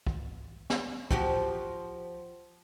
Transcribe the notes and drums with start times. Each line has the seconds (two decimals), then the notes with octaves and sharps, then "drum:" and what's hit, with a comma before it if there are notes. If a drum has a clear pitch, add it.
0.07 drum: kick
0.70 drum: snare
1.11 F3 F#4 G4, drum: kick